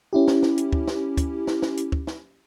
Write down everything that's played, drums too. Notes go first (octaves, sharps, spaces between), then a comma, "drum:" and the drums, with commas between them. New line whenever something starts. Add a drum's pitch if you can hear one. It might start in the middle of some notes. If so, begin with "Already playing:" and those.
C#4 E4 G4
drum: snare
drum: snare
drum: hi-hat
drum: kick
drum: snare
drum: kick, hi-hat
drum: snare
drum: snare
drum: hi-hat
drum: kick
drum: snare